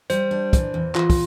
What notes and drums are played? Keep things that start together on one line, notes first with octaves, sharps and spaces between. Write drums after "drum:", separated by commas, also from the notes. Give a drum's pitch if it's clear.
G3 C5, drum: hi-hat
D4
E3, drum: kick, hi-hat
E2
E2 F4, drum: clap
drum: kick, open hi-hat